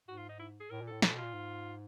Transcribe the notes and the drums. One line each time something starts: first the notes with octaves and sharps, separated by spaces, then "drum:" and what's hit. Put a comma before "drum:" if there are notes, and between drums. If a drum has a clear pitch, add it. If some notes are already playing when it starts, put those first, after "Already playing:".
G#2 F#4
F4
D#4
E4
G#4
A2 A#4
A#2
A2 A4
A#2 A4, drum: snare
B2
A#2 F4
G#2